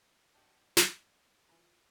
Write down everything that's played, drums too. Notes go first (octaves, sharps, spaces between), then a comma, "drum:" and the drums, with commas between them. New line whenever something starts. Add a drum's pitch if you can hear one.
G3 D4 F#4 D#5 G5 A5
drum: snare
E3 F4 B4 A#5